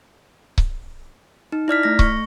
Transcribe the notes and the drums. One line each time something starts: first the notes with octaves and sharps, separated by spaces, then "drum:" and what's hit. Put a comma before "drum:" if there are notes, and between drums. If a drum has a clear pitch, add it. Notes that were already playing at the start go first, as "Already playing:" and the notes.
drum: kick C#1
D#4
E4 D5 F6 B6
A3 A#6
C#6, drum: kick C#1